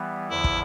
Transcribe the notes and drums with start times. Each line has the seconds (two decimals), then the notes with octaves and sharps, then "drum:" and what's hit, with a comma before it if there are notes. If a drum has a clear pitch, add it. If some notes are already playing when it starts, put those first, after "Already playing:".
Already playing: E3 G3 B3
0.30 E2 D3 F3 E4
0.44 drum: kick